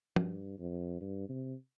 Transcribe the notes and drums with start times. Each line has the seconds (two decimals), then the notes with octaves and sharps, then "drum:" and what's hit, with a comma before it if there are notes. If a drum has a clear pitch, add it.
0.16 G2, drum: tom
0.59 F2
1.01 G2
1.29 C3